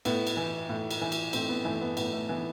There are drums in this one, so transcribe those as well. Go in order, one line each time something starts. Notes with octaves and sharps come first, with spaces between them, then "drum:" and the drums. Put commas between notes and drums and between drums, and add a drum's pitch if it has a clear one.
A2 B3, drum: cymbal
drum: cymbal
E3
A2
drum: cymbal
E3
drum: cymbal
A2 C4, drum: cymbal
B3
E3 A3
B3
A2 B3, drum: cymbal
A3
E3 B3